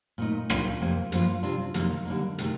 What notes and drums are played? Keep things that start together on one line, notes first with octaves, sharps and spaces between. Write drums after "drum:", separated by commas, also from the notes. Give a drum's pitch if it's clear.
A#2 A3 D#4
A#2 G3 D4 F4, drum: rim click
F2 C3 F3 A#3
G2 F3 A#3 F4, drum: hi-hat
C3 G3 D4 F4
F2 C3 D#3 A#3, drum: hi-hat
D3 G3 A#3 D#4
C3 D#3 A3, drum: hi-hat